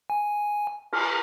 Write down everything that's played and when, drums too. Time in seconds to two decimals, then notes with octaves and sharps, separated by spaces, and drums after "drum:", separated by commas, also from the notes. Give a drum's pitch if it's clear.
0.10 G#5
0.92 drum: cymbal